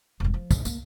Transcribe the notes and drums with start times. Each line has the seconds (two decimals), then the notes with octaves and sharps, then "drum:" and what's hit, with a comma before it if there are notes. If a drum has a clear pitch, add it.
0.20 E1 G2
0.34 F3
0.51 A#1, drum: kick, tambourine
0.65 A#3, drum: tambourine